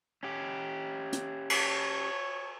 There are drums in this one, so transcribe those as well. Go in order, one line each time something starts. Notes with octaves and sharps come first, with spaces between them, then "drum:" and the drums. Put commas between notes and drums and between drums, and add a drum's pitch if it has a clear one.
C#4 G4
drum: hi-hat
C#5, drum: cymbal